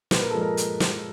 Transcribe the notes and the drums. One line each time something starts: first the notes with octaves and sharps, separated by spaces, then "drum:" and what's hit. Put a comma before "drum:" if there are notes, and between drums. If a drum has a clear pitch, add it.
A#2 B4, drum: snare
A#4
F3 G#3 A4
A#4
drum: hi-hat
drum: snare